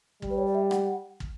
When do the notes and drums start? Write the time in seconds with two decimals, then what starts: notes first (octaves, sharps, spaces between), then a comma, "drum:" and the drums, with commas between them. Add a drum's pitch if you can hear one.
0.22 G3, drum: kick
0.30 B4
0.38 C#5
0.46 D5
0.55 E5
0.71 F#5, drum: rim click
1.20 drum: kick